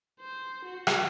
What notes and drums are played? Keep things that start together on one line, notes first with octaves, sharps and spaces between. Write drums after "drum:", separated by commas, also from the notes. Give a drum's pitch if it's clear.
C5
F#4
drum: rim click